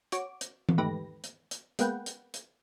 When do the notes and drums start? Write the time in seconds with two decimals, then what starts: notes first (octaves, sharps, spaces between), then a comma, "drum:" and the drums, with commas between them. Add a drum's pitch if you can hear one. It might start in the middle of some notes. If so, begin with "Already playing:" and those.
0.12 F#4 C#5 D6, drum: hi-hat
0.41 drum: hi-hat
0.69 drum: tom E3
0.78 G#2 A3 G4 B4 A#6
1.24 drum: hi-hat
1.51 drum: hi-hat
1.79 G#3 A#3 B3 B4 F#5 G5, drum: hi-hat
2.06 drum: hi-hat
2.34 drum: hi-hat